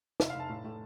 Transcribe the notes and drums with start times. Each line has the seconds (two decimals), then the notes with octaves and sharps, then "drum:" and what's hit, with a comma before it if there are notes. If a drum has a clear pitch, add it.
0.20 F1 E5, drum: snare
0.30 F5
0.35 F1 A5
0.49 A2
0.64 A2